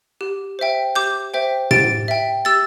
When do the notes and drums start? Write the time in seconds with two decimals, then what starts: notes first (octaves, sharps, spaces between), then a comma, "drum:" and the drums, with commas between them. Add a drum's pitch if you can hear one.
0.21 G4
0.59 C5 E5 G5
0.95 G4 D6 G6
1.34 C5 E5 G5
1.71 G4 A6 D7, drum: tom A2
2.08 E5 G5
2.45 G4 E6 A6